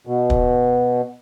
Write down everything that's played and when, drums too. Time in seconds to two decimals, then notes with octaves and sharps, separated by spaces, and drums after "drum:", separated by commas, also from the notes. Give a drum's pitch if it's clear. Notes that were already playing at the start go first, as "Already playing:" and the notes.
0.07 B2
0.30 drum: kick